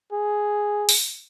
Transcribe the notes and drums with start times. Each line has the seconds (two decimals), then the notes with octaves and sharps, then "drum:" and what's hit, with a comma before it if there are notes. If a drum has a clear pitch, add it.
0.12 G#4
0.89 drum: open hi-hat